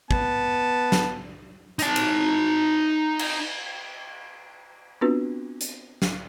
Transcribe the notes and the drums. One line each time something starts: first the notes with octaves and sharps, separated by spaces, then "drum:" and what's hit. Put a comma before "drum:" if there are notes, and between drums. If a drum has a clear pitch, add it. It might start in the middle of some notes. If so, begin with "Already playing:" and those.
B3 A5, drum: kick
drum: snare
D#4 A5, drum: hi-hat
drum: cymbal
drum: cymbal
B3 C4 D4 F4 F#4 B4
drum: hi-hat
drum: snare